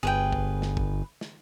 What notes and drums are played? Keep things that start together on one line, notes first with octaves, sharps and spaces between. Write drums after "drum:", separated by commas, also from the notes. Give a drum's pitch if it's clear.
G1 G#4 B4 G5
drum: kick A1
drum: snare
drum: kick A1
drum: snare